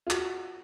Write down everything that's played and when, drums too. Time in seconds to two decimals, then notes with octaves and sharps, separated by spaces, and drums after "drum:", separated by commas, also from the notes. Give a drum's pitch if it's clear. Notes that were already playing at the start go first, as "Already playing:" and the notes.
0.07 F4
0.10 F#4, drum: clap